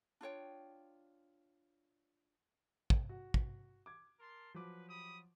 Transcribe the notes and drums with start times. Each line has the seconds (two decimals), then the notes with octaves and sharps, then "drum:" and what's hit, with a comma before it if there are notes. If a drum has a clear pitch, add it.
0.21 D4 F4 C#5 G5
2.90 drum: kick
3.09 F#4
3.34 drum: kick
3.86 D6 G#6
4.20 A#4 A5 C6
4.54 F3 F#3 B4 D6
4.88 G4 B5 D#6